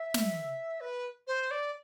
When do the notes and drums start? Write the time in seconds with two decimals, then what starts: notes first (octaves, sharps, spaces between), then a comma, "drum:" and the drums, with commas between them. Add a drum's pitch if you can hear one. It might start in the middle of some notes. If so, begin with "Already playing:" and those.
Already playing: E5
0.14 drum: snare
0.80 B4
1.27 C5
1.50 D5